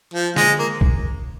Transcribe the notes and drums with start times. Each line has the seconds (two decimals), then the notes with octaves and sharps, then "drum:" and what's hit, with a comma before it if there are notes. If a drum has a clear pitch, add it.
0.14 F3
0.36 G#3, drum: snare
0.59 A#3
0.81 drum: kick